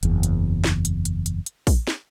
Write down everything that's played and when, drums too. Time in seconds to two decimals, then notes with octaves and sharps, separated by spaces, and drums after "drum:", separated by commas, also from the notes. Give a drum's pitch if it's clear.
0.03 F#1 E2, drum: hi-hat
0.23 drum: hi-hat
0.64 drum: snare
0.85 drum: hi-hat
1.05 drum: hi-hat
1.26 drum: hi-hat
1.46 drum: hi-hat
1.67 drum: kick, open hi-hat
1.87 drum: snare